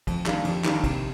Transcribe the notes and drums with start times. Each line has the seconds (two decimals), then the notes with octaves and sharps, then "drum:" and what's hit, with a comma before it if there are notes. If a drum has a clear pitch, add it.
0.07 F2, drum: kick, cymbal
0.26 D#3 G3 A#3 D4, drum: clap
0.45 F2, drum: cymbal
0.64 D#3 G3 A#3 D4, drum: clap
0.84 C3, drum: kick, cymbal